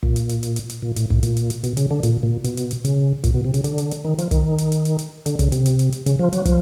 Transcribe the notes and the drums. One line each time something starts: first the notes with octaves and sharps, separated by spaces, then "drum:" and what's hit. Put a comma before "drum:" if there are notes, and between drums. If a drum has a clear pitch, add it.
A#2, drum: kick
drum: hi-hat
drum: hi-hat
drum: hi-hat
drum: hi-hat
drum: hi-hat
A#2
A2, drum: hi-hat
A2, drum: kick
A#2, drum: hi-hat
drum: hi-hat
drum: hi-hat
B2, drum: hi-hat
C#3, drum: hi-hat
D3
A#2, drum: hi-hat
A#2
B2, drum: hi-hat
drum: hi-hat
drum: hi-hat
C#3, drum: hi-hat
A#2, drum: kick, hi-hat
B2
C3
C#3, drum: hi-hat
D3, drum: hi-hat
drum: hi-hat
drum: hi-hat
D#3
F3, drum: hi-hat
D#3, drum: kick, hi-hat
drum: hi-hat
drum: hi-hat
drum: hi-hat
drum: hi-hat
D3, drum: hi-hat
C#3, drum: kick, hi-hat
C3, drum: hi-hat
drum: hi-hat
drum: hi-hat
drum: hi-hat
C#3, drum: hi-hat
F3
F#3, drum: hi-hat
F3, drum: kick, hi-hat